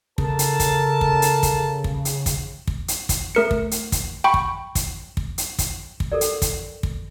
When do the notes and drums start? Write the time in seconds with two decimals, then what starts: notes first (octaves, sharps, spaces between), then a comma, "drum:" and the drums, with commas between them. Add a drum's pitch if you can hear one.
0.18 C#3 A4 A#4 A5, drum: kick
0.39 drum: hi-hat
0.60 drum: kick, hi-hat
1.01 drum: kick
1.22 drum: hi-hat
1.43 drum: kick, hi-hat
1.84 drum: kick
2.05 drum: hi-hat
2.26 drum: kick, hi-hat
2.67 drum: kick
2.88 drum: hi-hat
3.09 drum: kick, hi-hat
3.35 A3 A#4 C#7
3.51 drum: kick
3.71 drum: hi-hat
3.92 drum: kick, hi-hat
4.24 G5 B5 C#6
4.34 drum: kick
4.75 drum: kick, hi-hat
5.17 drum: kick
5.38 drum: hi-hat
5.59 drum: kick, hi-hat
6.00 drum: kick
6.12 A4 A#4 D5
6.21 drum: hi-hat
6.42 drum: kick, hi-hat
6.83 drum: kick